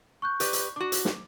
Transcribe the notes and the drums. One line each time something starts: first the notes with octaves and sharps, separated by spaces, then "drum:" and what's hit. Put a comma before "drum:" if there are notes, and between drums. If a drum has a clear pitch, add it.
C#6 F#6 G6
G4 B4 D5, drum: hi-hat
drum: hi-hat
D4 F#4 D6
drum: hi-hat
drum: snare